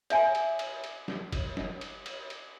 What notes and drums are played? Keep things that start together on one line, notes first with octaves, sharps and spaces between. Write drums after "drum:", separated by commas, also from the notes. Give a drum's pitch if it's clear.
C#5 E5 G#5, drum: cymbal
drum: cymbal
drum: cymbal
drum: cymbal
drum: snare
drum: kick F#1, cymbal
drum: snare
drum: cymbal
drum: cymbal
drum: cymbal